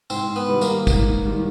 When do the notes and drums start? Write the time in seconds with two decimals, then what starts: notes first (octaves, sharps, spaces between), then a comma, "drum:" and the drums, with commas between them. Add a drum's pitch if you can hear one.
0.10 G#2 C4, drum: tambourine
0.36 B3
0.48 D#3 G3
0.61 A#3, drum: tambourine
0.87 G#2, drum: kick, tambourine
1.25 D#3 G3